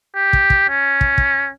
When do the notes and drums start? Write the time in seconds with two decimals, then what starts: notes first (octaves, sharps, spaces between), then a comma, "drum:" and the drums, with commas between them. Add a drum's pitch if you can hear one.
0.16 G4
0.33 drum: kick
0.50 drum: kick
0.69 C#4
1.01 drum: kick
1.18 drum: kick